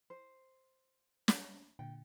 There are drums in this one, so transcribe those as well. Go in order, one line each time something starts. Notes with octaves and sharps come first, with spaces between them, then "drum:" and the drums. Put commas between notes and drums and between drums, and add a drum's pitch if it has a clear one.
C5
drum: snare
A#2 D3 G5